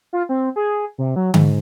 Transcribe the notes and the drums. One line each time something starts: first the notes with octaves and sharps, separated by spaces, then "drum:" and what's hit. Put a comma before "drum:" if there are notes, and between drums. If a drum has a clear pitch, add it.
F4
C4
G#4
C3
F#3
G#2, drum: tom D3